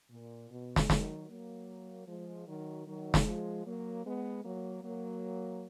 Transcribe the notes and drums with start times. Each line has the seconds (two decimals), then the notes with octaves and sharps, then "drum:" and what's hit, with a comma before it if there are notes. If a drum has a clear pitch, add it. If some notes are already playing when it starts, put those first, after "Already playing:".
0.10 A#2
0.50 B2
0.76 drum: snare
0.90 D#3 F#3, drum: snare
1.29 F#3 A#3
2.08 F3 G#3
2.47 D#3 F#3
2.87 D#3 F#3
3.14 drum: snare
3.26 F3 G#3
3.66 F#3 A#3
4.05 G#3 B3
4.45 F#3 A#3
4.84 F#3 A#3